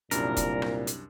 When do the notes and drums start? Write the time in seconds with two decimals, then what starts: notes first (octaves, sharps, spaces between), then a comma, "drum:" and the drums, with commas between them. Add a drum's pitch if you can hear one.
0.11 C2 F#2 A#2 G3 D4 A#4, drum: hi-hat
0.37 drum: kick F1, hi-hat
0.62 drum: rim click
0.87 drum: hi-hat